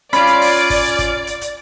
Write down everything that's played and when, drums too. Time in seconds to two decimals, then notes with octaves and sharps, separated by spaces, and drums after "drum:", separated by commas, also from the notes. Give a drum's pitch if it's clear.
0.13 C#4 F4 D5 B5, drum: hi-hat
0.27 drum: hi-hat
0.42 drum: open hi-hat
0.56 drum: hi-hat
0.70 drum: kick G1, open hi-hat
0.84 drum: hi-hat
0.99 drum: kick G1, hi-hat
1.27 drum: hi-hat
1.41 drum: hi-hat